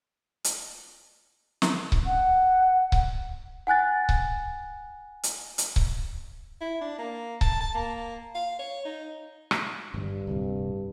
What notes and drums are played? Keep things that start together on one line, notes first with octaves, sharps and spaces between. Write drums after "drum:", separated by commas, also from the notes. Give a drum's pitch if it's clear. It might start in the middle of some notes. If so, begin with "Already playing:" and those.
drum: hi-hat
drum: snare
drum: kick C#1
F#5
drum: kick C#1
F#5 G#5 F#6 A6
drum: kick C#1
drum: hi-hat
drum: hi-hat
drum: kick C#1
E4
D4
A#3
A5, drum: kick C#1
A5
A#3
F5
C#5
D#4
drum: rim click
G1 G2
D1 C2 C3